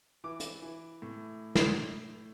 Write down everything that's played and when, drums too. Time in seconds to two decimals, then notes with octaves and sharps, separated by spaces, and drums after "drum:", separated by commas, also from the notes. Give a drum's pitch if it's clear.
0.24 E3 D6
0.40 drum: hi-hat
0.62 E3
1.02 A2
1.55 drum: snare